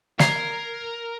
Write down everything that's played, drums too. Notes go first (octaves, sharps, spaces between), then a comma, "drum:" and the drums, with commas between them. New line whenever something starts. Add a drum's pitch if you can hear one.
A#4 G#6 C7, drum: snare